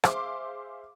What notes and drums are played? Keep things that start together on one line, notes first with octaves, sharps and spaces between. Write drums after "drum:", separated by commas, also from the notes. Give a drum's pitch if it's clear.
G#4 C5 E5 F5 C6 D6, drum: rim click